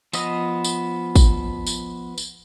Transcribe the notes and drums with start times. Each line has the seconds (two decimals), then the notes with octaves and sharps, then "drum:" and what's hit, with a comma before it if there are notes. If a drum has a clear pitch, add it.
0.13 F3 B3 D#5 D#6, drum: tambourine
0.64 drum: tambourine
1.16 drum: kick, tambourine
1.67 drum: tambourine
2.18 drum: tambourine